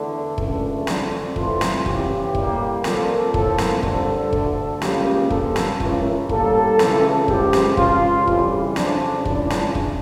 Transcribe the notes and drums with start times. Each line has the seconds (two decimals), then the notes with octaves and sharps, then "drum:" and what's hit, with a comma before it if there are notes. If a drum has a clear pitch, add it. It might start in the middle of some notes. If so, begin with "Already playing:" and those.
Already playing: E2 D3 A3 D4
0.38 C#2 C#3 E3 A3, drum: kick
0.87 F2 D3 A3, drum: snare
1.36 F2 E3 A3 F4, drum: kick
1.61 drum: snare
1.86 E2 C#3 E3 G4, drum: kick
2.35 A2 G3 A#3, drum: kick
2.84 A#2 F3 A#3 A4, drum: snare
3.34 A2 F3 A#3 A4, drum: kick
3.58 drum: snare
3.83 G2 D3 F3 A4, drum: kick
4.33 D2 D3 A3, drum: kick
4.82 C#2 C#3 G3 A#3 G4, drum: snare
5.30 G2 F3 A#3 A4, drum: kick
5.56 drum: snare
5.80 C#2 C#3 E3 A3 A#4, drum: kick
6.29 A2 G3 A#3 A4, drum: kick
6.79 C#2 C#3 E3, drum: snare
7.28 C#2 C#3 F3 G4, drum: kick
7.53 drum: snare
7.77 C#2 C#3 F3 F4, drum: kick
8.27 F2 C#3 E3 G3, drum: kick
8.76 F2 C#3 F3 D4, drum: snare
9.25 C#2 C#3 E3 D4, drum: kick
9.50 drum: snare
9.75 drum: kick